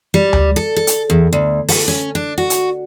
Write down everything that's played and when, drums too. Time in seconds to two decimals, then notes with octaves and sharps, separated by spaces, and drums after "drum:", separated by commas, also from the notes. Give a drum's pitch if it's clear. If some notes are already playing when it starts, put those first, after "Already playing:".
0.14 G3
0.33 drum: tom D2
0.56 A4
0.76 A4
0.87 drum: hi-hat
1.10 E2
1.33 D2
1.69 A4, drum: open hi-hat
1.88 C#4
2.15 D4
2.38 F#4
2.50 drum: hi-hat